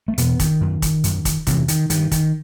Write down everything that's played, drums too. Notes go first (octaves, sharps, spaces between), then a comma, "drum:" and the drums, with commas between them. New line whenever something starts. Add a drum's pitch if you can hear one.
A3
E2 B2 B3, drum: hi-hat
D#3, drum: kick, hi-hat
F#2
drum: kick, hi-hat
F#2, drum: hi-hat
drum: kick, hi-hat
E2 C3 E3, drum: kick, hi-hat
D#3, drum: hi-hat
G2 D#3, drum: hi-hat
D#3, drum: kick, hi-hat